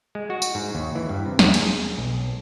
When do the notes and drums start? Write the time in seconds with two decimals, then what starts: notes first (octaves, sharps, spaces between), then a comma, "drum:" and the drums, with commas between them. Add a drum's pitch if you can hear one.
0.15 G#3
0.30 F#4
0.42 drum: tambourine
0.55 G#2
0.75 D#2
0.95 E3
1.09 G2
1.26 C3
1.39 E2, drum: snare
1.54 G#4, drum: cymbal
1.97 B1